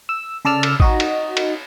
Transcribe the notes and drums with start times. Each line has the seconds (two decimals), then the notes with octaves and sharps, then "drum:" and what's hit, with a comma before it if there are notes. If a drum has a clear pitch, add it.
0.09 E6
0.45 C#3 A4 D5 A5 E6 F6
0.63 drum: cymbal
0.80 D#4 F#4 D#5, drum: kick A1
1.00 drum: cymbal
1.37 drum: cymbal